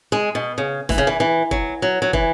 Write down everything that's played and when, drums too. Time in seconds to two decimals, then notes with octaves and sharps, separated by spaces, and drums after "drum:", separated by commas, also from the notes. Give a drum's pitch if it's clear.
0.12 G#3
0.35 B2
0.58 C#3
0.89 E3, drum: snare E1
0.98 C#3
1.07 E3
1.20 E3
1.51 F#3, drum: kick
1.82 F#3
2.02 F#3
2.13 E3, drum: kick